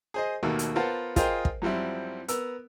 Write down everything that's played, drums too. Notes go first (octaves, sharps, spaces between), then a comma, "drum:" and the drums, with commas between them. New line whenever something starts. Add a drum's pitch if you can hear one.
G#4 C5 D#5
D#2 B2 D#3 A3 A#3
drum: hi-hat
B3 F4 A#4 C5 F#5 A5
F4 G#4 A#4 C5 D#5 G5, drum: kick, hi-hat
drum: kick
F#2 F3 G3 C4 E4
B3 A#4 E6, drum: hi-hat